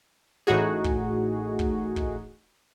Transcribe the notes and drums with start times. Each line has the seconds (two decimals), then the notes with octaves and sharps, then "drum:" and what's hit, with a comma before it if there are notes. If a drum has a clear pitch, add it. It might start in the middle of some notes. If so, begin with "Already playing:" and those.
0.47 A1 A2 D#4 F#4 G#4, drum: snare
0.84 drum: kick
1.59 drum: kick
1.96 drum: kick